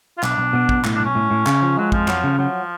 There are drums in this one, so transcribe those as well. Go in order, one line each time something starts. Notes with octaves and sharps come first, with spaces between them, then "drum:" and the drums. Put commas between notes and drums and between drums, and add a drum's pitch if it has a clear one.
F4
B1 D4, drum: clap
B1
B2
B1, drum: kick
A2, drum: clap
D4
B1 C#4
A2
A2
C#3, drum: clap
F3
F#3 G#3
F2 F3, drum: kick
F#3, drum: clap
C#3
F3 F#3